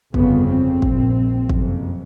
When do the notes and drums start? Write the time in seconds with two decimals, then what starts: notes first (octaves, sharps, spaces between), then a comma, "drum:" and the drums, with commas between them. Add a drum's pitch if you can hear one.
0.14 G1 F2 C#3 B3, drum: kick
0.48 C4
0.82 A#1 A#2, drum: kick
1.49 F#1 F2 C3, drum: kick